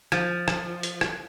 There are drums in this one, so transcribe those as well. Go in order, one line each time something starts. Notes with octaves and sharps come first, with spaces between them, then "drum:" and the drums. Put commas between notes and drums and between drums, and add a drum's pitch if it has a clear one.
F3, drum: rim click
drum: rim click
drum: hi-hat
drum: rim click